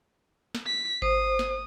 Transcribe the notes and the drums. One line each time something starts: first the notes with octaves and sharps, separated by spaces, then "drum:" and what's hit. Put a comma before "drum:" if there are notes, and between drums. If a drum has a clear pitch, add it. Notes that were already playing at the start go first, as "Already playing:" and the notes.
drum: snare
B6
C5 D#6, drum: kick G#1
drum: snare